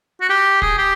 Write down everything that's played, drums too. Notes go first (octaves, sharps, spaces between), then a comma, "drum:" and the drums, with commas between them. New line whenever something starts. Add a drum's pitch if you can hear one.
F#4
G4
G#4, drum: kick
G4